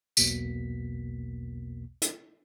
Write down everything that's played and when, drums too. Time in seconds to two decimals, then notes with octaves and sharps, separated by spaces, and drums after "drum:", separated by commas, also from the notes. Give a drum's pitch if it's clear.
0.17 B1 E2 B2 A#3 B6, drum: tambourine
2.02 drum: hi-hat